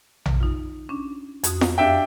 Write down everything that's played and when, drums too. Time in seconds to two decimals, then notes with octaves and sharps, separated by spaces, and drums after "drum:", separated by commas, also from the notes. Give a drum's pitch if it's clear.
0.26 drum: tom A#1
0.40 D#4 F4
0.89 C#4 D4
1.44 F2 F#4 D#6, drum: hi-hat
1.61 drum: snare
1.78 F#2 D4 G4 E5 F5 G5